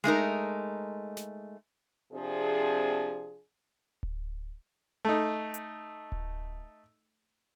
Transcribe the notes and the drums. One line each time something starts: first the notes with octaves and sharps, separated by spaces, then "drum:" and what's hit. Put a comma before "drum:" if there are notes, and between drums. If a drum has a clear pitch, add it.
G#3 A3 D#4 A#4
drum: snare
C3 F3 C4 D4 G#4
drum: kick D1
A3 D#4
drum: hi-hat
drum: kick D1